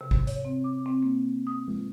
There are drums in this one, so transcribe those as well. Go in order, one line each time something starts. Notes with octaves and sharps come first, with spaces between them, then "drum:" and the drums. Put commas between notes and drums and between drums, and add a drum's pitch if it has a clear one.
C3
drum: kick
C#5, drum: hi-hat
C4
D6
C4
A#3
D#6
drum: tom G#3